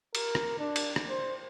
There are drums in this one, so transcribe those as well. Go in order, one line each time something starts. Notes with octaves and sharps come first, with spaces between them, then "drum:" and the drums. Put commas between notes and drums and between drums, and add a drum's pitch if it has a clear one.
A#4, drum: cymbal
drum: rim click
D4
drum: cymbal
drum: rim click
C5